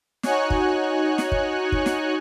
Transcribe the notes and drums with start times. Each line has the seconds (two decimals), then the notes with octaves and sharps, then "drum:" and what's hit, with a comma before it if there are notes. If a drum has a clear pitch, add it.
0.23 D#4 F#4 C#5 G#5 C#6 F#6, drum: snare
0.50 drum: kick
1.18 drum: snare
1.32 drum: kick
1.72 drum: kick
1.86 drum: snare